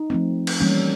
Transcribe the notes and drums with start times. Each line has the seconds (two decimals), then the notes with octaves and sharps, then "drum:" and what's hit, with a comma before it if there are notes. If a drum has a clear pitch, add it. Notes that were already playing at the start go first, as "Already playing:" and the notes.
Already playing: D#4
0.10 F3 A3 C4
0.47 drum: cymbal
0.60 E3 G3 A#3 C#4